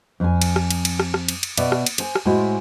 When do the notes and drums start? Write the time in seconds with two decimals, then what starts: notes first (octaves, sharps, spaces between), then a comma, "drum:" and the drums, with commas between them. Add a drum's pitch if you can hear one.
0.20 F2 G#5
0.42 drum: cymbal
0.56 drum: rim click
0.71 drum: cymbal
0.85 drum: cymbal
1.00 drum: rim click
1.14 drum: rim click
1.28 drum: cymbal
1.43 drum: cymbal
1.57 B2 D5 E5, drum: cymbal
1.72 drum: rim click
1.86 drum: cymbal
1.98 C5 G#5, drum: cymbal
2.15 drum: rim click
2.25 A2 G#3 E4 F#4 C5 G#5